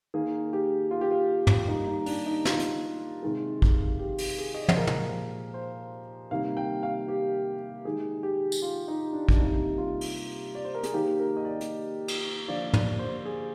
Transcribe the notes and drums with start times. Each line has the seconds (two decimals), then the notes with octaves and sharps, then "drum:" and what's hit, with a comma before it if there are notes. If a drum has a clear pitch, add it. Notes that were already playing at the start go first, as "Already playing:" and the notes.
0.14 D#3 A#3 G#4
0.53 G4
0.91 F4
1.01 G4
1.11 F4
1.47 drum: tom
1.68 D#3 G3 A#3 D#4
1.87 D#4
2.06 D4, drum: open hi-hat
2.26 D#4
2.45 F4, drum: snare
2.60 drum: hi-hat
3.23 C3 D#3 G#3
3.62 drum: kick
3.99 G4
4.18 drum: open hi-hat
4.38 G#4
4.54 D#5
4.62 D5
4.69 C5, drum: tom
4.76 A#2 F3 G#3 A#4
4.87 drum: tom
5.54 C5
6.31 C3 D#3 G3 A#3 F5
6.57 G5
6.83 F5
7.08 G4
7.85 D#3 G#3 G#4
8.23 G4
8.52 drum: tambourine
8.62 F4
8.88 D#4
9.13 D4
9.29 D4, drum: kick
9.39 C3 G3 A#3 D#4
9.78 F4
10.01 drum: open hi-hat
10.55 D5
10.65 C5
10.75 A#4
10.84 G#4, drum: hi-hat
10.93 D#3 A#3 G4
11.19 A#4
11.37 D#5
11.45 D5
11.61 drum: hi-hat
12.08 drum: cymbal
12.48 D3 F3 A#3 D5
12.73 D5, drum: tom
12.99 C5
13.25 G#4